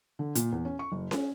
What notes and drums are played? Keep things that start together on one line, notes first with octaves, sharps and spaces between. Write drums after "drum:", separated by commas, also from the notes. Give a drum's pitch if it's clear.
D3
A#2, drum: hi-hat
E2
C#4
C#6
F#1
C#4, drum: snare C#4